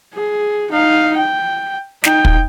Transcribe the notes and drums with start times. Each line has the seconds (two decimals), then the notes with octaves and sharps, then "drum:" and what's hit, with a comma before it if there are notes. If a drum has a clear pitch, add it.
0.14 G#4
0.71 D#4 F5
1.17 G5
2.04 D#4 G5, drum: snare
2.25 drum: kick